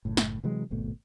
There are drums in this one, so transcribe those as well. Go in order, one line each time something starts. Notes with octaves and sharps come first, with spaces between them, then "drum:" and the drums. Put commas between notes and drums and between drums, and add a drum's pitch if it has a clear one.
F#1 A2
drum: snare
C3 E3 F#3 G#3
D#1 G#1 B2 A3